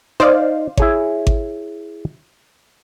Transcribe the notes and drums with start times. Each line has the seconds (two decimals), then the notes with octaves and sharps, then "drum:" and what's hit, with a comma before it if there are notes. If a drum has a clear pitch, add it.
0.20 D#4 C5 D5 F5
0.77 E4 G#4 C#5, drum: kick G#1
1.27 drum: kick G#1